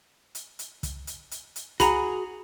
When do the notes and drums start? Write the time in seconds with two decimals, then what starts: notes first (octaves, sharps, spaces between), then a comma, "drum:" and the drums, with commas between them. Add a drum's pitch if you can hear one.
0.35 drum: hi-hat
0.59 drum: hi-hat
0.83 drum: kick, hi-hat
1.07 drum: hi-hat
1.31 drum: hi-hat
1.56 drum: hi-hat
1.80 F#4 G#4 A#5 B5, drum: kick, hi-hat